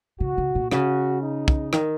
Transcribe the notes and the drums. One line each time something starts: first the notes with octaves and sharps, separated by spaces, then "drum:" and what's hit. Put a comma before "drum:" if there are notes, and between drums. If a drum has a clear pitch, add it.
C#3 F#4
C#3
A#2
C#3 F#4, drum: rim click
D#4
drum: kick
D#3, drum: rim click